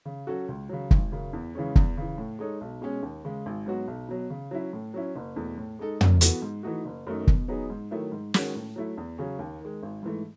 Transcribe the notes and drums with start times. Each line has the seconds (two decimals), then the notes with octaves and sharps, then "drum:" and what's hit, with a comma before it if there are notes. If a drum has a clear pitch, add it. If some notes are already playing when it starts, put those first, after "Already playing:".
0.05 C#3
0.27 F#3 C#4 F#4 A4
0.48 C#2
0.69 C#3 F#3
0.91 G#1, drum: kick
1.12 F#2 C#3
1.33 E2
1.55 C#3 E3 G#3 C#4
1.76 E2, drum: kick
1.97 C#3 E3
2.18 A2
2.39 G#3 D#4 A4 C#5
2.61 B1
2.81 B2 G#3 C#4 G#4
3.02 D#2
3.25 C#3 G#3
3.46 G#1
3.66 G#2 F#3 B3 F#4
3.88 B1
4.08 B2 F#3
4.30 C#3
4.51 F#3 C#4 E4
4.73 A2
4.94 F#3 C#4 E4
5.16 F#1
5.36 E2 B2 A3
5.58 A2
5.79 G#3 D#4 A4
6.01 F#2, drum: tom
6.21 E3 B3 F#4 A4, drum: hi-hat
6.42 G#2
6.63 E3 A3 D#4 F#4
6.85 F#1
7.07 F#2 D#3 A3 D#4
7.27 B2, drum: kick
7.48 F#3 B3 D#4 G#4
7.70 G#2
7.91 D#3 F#3 A3 E4
8.12 G#2
8.34 D#3 G#3 C#4 F#4, drum: snare
8.55 A2
8.76 F#3 A3 E4
8.97 E2
9.18 C#3 F#3 C#4 G#4
9.39 D#2
9.61 D#3 G#3
9.83 G#1
10.03 G#2 E3 A3